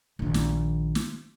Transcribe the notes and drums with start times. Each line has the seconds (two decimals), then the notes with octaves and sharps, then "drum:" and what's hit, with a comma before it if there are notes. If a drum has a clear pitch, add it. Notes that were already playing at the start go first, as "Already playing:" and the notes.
0.19 A#1 D#3
0.34 drum: snare
0.95 drum: snare